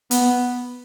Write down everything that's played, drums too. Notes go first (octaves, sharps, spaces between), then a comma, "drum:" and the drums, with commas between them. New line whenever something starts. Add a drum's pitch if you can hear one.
B3, drum: hi-hat